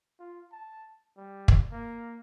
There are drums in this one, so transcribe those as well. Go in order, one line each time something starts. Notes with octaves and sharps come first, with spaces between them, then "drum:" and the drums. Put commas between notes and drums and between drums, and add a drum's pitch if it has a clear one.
F4
A5
G3
drum: kick
A#3